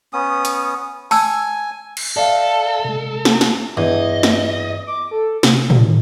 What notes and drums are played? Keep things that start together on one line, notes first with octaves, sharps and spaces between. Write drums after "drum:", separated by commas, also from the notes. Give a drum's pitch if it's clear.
B3 C#4 D#6
drum: hi-hat
G#5 A5 E6, drum: open hi-hat
drum: cymbal
A4 D5 E5 F5
C3 G#3
drum: snare
drum: snare
E2 G2 D#5
drum: snare
D6
A4
C3, drum: snare
drum: tom
D#3